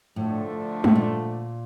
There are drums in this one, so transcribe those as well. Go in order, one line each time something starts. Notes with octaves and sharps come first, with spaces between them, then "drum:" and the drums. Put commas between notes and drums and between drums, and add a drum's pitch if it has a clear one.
A2 D3 F3 A3 D4
A2, drum: tom
A#2